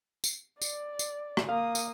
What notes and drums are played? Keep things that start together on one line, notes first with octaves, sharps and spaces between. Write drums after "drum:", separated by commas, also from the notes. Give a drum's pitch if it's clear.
drum: tambourine
D5, drum: tambourine
drum: tambourine
drum: rim click
A#3 F5 D#6
drum: tambourine